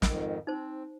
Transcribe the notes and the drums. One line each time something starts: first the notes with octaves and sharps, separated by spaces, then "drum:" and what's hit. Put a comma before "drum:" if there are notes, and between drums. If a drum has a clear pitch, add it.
F2 G#2 D#3, drum: snare
C4 D#4 C5